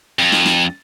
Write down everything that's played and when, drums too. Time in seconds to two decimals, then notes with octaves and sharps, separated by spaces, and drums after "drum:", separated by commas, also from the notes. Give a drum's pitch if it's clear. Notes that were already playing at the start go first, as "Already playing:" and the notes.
0.19 F2
0.32 drum: snare
0.46 drum: snare